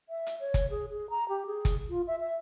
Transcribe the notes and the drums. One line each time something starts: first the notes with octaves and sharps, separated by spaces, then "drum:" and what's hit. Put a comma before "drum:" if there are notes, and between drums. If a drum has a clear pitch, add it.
E5
drum: hi-hat
C#5
drum: kick, hi-hat
G#4
G#4
A#5
G4
G#4
drum: kick, hi-hat
F4
E5
E5